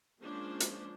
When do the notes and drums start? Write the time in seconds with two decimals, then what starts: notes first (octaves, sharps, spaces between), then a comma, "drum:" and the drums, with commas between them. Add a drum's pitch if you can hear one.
0.20 F3 G#3 A#3 C#4 D4 C5
0.60 drum: hi-hat